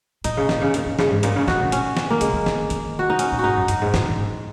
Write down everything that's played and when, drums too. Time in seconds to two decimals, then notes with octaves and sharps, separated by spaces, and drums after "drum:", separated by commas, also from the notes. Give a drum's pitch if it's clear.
0.24 A#2 D#4, drum: hi-hat
0.37 C#3
0.49 A#2, drum: snare
0.61 C#3
0.74 A#2, drum: hi-hat
0.86 G#2
0.99 C#3, drum: snare
1.11 G#2
1.23 A#2 D#4, drum: hi-hat
1.36 C#3
1.48 C#3 F#4, drum: snare
1.60 A#2
1.72 C#4, drum: hi-hat
1.97 drum: snare
2.10 A#3
2.21 C#3 G#3, drum: hi-hat
2.33 D#3
2.46 D#3, drum: snare
2.70 D#3, drum: hi-hat
2.99 F#4
3.10 D#4
3.19 C#4, drum: hi-hat
3.32 A#2
3.39 G#2 D#4 F#4
3.57 F#2
3.68 F#2, drum: hi-hat
3.81 G#2
3.94 A#2, drum: snare
4.05 G#2